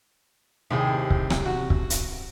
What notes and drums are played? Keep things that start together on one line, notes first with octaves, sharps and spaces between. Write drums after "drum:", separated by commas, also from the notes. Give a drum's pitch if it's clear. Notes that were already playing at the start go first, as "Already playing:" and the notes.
D#2 A2 C3 G#4
drum: kick C#1
drum: rim click
F#4
drum: kick C#1
drum: hi-hat